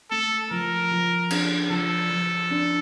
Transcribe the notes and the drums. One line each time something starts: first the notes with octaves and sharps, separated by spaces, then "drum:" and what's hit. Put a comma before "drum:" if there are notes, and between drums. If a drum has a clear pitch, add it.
A3 A4
F3 A#4
F3
D4, drum: cymbal
F3 A4
F3
D4